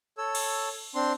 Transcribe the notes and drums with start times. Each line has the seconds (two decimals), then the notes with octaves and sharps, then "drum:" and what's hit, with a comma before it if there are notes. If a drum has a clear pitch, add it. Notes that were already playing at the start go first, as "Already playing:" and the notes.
0.18 A4 C#5 E6
0.35 drum: cymbal
0.95 C4 D4 C6